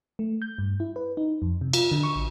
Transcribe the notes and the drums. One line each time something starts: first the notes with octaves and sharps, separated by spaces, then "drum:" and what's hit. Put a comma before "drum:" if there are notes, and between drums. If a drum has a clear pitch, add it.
A3
G6
G2
E4
B4
D#4
F2
C3
F4, drum: cymbal
D3
C#6
A1